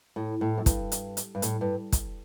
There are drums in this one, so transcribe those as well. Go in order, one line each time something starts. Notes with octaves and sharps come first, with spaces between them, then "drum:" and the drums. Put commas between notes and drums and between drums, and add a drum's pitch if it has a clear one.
A2
A2
F#2
G2, drum: kick, hi-hat
drum: hi-hat
drum: hi-hat
G2
A2, drum: hi-hat
G2
drum: kick, hi-hat